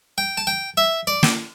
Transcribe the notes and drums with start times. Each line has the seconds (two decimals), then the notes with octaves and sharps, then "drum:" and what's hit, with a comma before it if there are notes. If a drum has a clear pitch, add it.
0.18 G5
0.37 A5
0.47 G5
0.77 E5
1.07 D5
1.23 drum: snare